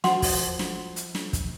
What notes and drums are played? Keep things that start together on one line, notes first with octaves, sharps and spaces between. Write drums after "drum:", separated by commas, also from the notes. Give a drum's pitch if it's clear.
F3 F#4 C5 F#5 C6, drum: snare
drum: kick, open hi-hat
drum: snare
drum: hi-hat
drum: snare
drum: kick, hi-hat